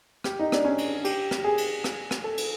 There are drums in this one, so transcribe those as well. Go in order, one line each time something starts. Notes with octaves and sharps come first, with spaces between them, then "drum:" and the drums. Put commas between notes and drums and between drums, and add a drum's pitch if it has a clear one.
G4, drum: rim click
D#4
D4, drum: rim click
C#4
drum: cymbal
G4, drum: cymbal
drum: rim click
G#4
drum: cymbal
drum: rim click
drum: rim click
A4
drum: cymbal